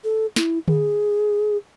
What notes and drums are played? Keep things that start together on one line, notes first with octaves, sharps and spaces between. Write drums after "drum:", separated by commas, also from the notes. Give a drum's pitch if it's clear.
A4
E4, drum: snare
G#4, drum: tom D3